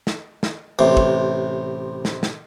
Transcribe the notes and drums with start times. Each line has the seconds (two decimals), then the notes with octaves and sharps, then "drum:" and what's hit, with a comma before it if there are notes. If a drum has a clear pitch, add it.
0.07 drum: snare
0.43 drum: snare
0.79 A1 C3
0.97 drum: kick
2.05 drum: snare
2.23 drum: snare